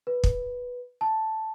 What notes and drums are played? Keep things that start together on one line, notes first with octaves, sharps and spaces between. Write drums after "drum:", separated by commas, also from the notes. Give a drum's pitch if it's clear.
B4
drum: kick
A5